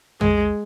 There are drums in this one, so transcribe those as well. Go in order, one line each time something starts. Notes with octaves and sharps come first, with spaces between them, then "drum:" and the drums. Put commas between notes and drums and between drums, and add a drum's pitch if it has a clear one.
G#3, drum: tom